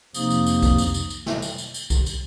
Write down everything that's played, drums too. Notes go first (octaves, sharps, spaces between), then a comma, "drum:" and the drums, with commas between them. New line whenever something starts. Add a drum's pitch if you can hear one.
F2 C3 F3 A#3 D#4 D#6, drum: tambourine
drum: tambourine
drum: tambourine
drum: kick C2, tambourine
drum: tambourine
drum: tambourine
drum: tambourine
drum: snare
drum: tambourine
drum: tambourine
drum: tambourine
drum: kick C2, tambourine
drum: tambourine